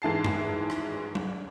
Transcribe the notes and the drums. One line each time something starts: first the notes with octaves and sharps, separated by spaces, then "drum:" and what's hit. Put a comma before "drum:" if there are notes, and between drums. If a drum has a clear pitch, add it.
G#2 E3 A5 C7
drum: tom F#2
drum: rim click
drum: tom F#3